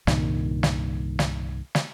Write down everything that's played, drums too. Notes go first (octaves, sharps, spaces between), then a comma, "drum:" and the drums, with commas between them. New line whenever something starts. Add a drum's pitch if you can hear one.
C2 G2 A#2 D#3, drum: snare
drum: snare
drum: snare
drum: snare